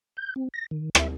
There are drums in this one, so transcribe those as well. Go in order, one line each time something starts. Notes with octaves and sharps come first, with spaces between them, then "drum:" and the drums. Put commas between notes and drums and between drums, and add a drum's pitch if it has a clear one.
G6
C4
A#6
D#3
E5, drum: rim click